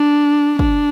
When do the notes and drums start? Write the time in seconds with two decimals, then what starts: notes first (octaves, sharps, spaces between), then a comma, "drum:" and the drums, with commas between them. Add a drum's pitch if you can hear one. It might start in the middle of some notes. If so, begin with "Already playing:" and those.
Already playing: D4
0.59 D4, drum: kick